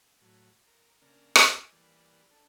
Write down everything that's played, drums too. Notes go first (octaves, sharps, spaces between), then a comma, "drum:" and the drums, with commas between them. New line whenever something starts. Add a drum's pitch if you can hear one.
A2 F#3
A#4
C#3 A#3 D4 A#4
drum: rim click
G#5
E3 G3 A#3 B4 D5
D4 A4